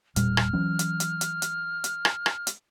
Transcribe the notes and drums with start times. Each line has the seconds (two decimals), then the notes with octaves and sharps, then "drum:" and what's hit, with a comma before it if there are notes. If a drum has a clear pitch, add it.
0.16 E1 A#2 G3 F6, drum: hi-hat
0.37 drum: rim click
0.53 E3 F#3 C#4
0.79 drum: hi-hat
1.00 drum: hi-hat
1.21 drum: hi-hat
1.42 drum: hi-hat
1.84 drum: hi-hat
2.05 drum: rim click
2.26 drum: rim click
2.47 drum: hi-hat